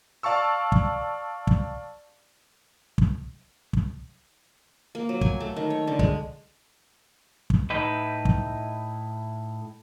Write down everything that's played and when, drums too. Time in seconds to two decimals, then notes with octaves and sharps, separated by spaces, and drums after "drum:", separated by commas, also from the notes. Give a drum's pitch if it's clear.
0.23 D5 F5 A5 C#6 E6
0.72 drum: kick
1.47 drum: kick
2.98 drum: kick
3.73 drum: kick
4.95 A#3
5.09 F#3
5.21 G#5, drum: kick
5.40 A3
5.56 D#3
5.70 C#5
5.87 D3
5.99 G#3, drum: kick
7.50 drum: kick
7.70 A2 D#4 E4 B4
8.25 drum: kick